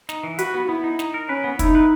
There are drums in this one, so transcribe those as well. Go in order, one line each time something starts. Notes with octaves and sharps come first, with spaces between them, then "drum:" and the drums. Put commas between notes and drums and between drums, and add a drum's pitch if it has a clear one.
D#4, drum: snare
E3
F#4 B4, drum: hi-hat
B3
B3 E4
D#4
D#4, drum: snare
A#4
C#4 B4
B3
D#4 E4, drum: kick, hi-hat
B4